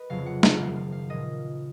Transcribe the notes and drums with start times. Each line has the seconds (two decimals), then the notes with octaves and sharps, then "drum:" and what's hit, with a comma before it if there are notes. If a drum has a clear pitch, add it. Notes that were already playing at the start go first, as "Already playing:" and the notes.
Already playing: B4 D#5
0.10 F1 F2 C#3 F#3 F5
0.26 F#5
0.43 F#5, drum: snare
0.59 G#1 F#2 F3 F5
0.76 F5
0.92 F5
1.09 A#1 A#2 F3 G#3 D#5